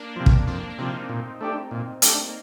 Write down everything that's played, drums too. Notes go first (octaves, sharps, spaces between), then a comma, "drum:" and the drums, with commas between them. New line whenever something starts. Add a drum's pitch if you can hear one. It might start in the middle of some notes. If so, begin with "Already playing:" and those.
Already playing: A#3 D4
C3 F3
drum: kick
F2 A#3 D4
D4
C3 F3 C4 D#4
A#2
A3 D4 G4
A#2
A3 D4 G4, drum: hi-hat
A#3